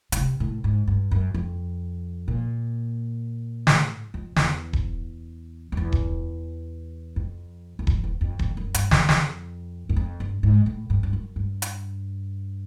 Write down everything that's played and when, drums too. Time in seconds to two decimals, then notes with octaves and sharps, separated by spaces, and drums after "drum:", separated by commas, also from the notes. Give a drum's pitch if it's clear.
0.12 C#3, drum: hi-hat
0.17 C3
0.40 A2
0.64 G#2
0.87 G2
1.11 F#2
1.34 F2
2.28 A#2
3.67 A2, drum: snare
4.14 F2
4.36 E2, drum: snare
4.73 drum: kick D#1
5.72 F2
5.77 E2
5.92 drum: kick D#1
7.16 F2
7.79 F#2
7.87 F2, drum: kick D#1
8.04 E2
8.21 F2
8.39 F2, drum: kick D#1
8.57 F#2
8.74 G2, drum: hi-hat
8.91 F2, drum: snare
9.09 F2, drum: snare
9.89 F#2
9.96 F2
10.20 G2
10.43 G#2
10.66 A2
10.90 G2
11.03 G2
11.13 F#2
11.36 G2
11.62 drum: hi-hat